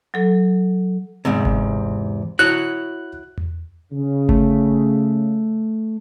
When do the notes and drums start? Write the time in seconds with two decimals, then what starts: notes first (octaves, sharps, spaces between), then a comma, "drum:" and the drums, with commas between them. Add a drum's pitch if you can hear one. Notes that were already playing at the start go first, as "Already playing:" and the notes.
0.14 F#3 A4
1.25 E2 G#2 C3
1.45 drum: kick G1
2.39 E4 F#4 C#5 F#6
3.38 drum: tom E2
3.92 C#3
4.29 A3, drum: kick G1